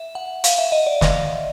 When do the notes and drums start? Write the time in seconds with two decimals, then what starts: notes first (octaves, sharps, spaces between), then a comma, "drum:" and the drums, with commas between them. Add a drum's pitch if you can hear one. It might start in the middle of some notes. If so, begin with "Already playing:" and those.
Already playing: E5
0.15 F#5
0.44 F5, drum: hi-hat
0.58 E5
0.72 D#5
0.86 D5
1.01 drum: snare